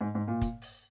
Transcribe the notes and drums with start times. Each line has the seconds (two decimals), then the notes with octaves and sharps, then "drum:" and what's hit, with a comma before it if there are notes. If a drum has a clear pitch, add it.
0.01 G#2
0.15 G#2
0.28 A#2
0.41 drum: kick, hi-hat
0.62 drum: open hi-hat